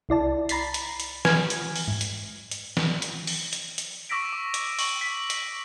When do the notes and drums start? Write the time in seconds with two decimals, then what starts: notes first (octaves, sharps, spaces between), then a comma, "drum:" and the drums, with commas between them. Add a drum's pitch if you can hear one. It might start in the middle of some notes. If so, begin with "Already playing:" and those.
0.09 C2 E4 D5 A5
0.49 A#5 B5 A6 B6 C7, drum: hi-hat
0.74 drum: hi-hat
1.00 drum: hi-hat
1.25 B4 G#5 F6 G#6, drum: snare
1.50 drum: hi-hat
1.76 drum: open hi-hat
1.88 G#2
2.01 drum: hi-hat
2.51 drum: hi-hat
2.77 drum: snare
3.02 drum: hi-hat
3.27 drum: open hi-hat
3.53 drum: hi-hat
3.78 drum: hi-hat
4.09 C#6 D6 E6 A#6 B6 D7
4.33 D6
4.54 drum: hi-hat
4.79 C#6 F#7, drum: open hi-hat
5.01 B6
5.30 drum: hi-hat